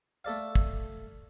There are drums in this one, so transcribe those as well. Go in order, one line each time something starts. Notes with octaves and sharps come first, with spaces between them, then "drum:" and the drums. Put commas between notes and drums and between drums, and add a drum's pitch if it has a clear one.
A3 A4 D5 F5
drum: kick